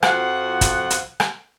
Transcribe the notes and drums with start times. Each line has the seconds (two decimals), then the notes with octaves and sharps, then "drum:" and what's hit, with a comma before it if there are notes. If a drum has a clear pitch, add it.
0.03 F2 F3 F#4 F#5, drum: rim click
0.61 drum: kick, hi-hat
0.90 drum: hi-hat
1.20 drum: rim click